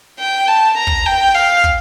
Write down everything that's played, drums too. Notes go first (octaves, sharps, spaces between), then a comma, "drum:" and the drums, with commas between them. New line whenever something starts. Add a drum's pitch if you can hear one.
G5
A5
A#5
drum: kick
G5
F5
drum: kick